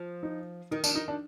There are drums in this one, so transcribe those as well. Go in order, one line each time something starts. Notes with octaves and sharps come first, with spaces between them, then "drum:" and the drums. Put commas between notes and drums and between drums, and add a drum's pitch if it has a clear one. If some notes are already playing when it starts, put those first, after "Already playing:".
Already playing: F3
D#4
D#3 D#4
D4, drum: tambourine
D#4
D4